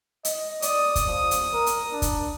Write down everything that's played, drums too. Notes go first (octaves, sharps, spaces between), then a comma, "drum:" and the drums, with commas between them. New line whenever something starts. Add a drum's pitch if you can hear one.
D#5, drum: hi-hat
D5 D#6, drum: hi-hat
drum: kick, hi-hat
F3
drum: hi-hat
A#4
drum: hi-hat
D4
drum: kick, hi-hat